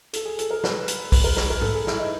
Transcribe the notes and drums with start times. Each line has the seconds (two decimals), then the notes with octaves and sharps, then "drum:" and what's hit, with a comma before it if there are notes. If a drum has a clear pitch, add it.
0.13 A4, drum: hi-hat
0.25 G#4
0.39 A4, drum: hi-hat
0.51 A#4
0.64 B4, drum: snare
0.88 drum: hi-hat
1.12 B4, drum: kick, open hi-hat
1.24 A#4
1.37 B4, drum: snare
1.50 A#4
1.61 A4, drum: tom G#2
1.74 G#4
1.87 E4, drum: snare
1.99 D#4